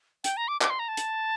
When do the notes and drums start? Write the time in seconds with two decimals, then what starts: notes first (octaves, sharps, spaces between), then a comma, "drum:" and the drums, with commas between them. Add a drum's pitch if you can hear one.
0.24 G5, drum: hi-hat
0.37 A#5
0.48 D6
0.61 D6, drum: clap
0.70 C6
0.79 A#5
0.88 A5
0.97 drum: hi-hat